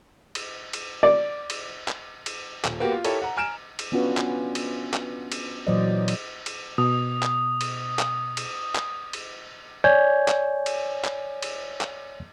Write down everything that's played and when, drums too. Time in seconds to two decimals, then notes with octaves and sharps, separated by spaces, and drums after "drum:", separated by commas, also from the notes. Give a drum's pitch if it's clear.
0.35 drum: cymbal
0.73 drum: cymbal
1.03 D5
1.50 drum: cymbal
1.88 drum: clap
2.26 drum: cymbal
2.64 D#1, drum: clap
2.80 A#3 B3 F#4 G4
2.92 F4
3.05 E4 G4 A4 A#4 C#5, drum: cymbal
3.22 F#5 A#5
3.37 G#5 A#5 F6 D7 E7
3.79 drum: cymbal
3.92 B3 C#4 D4 F4 F#4 B4
4.17 drum: clap
4.55 drum: cymbal
4.93 drum: clap
5.32 drum: cymbal
5.67 A#2 E3 F#3 C5 D5 D#5
6.08 drum: cymbal
6.46 drum: cymbal
6.78 B2 D#6
7.22 drum: clap
7.61 drum: cymbal
7.99 drum: clap
8.37 drum: cymbal
8.75 drum: clap
9.13 drum: cymbal
9.84 C#5 D5 G#5 G6 G#6
10.28 drum: clap
10.66 drum: cymbal
11.04 drum: clap
11.42 drum: cymbal
11.81 drum: clap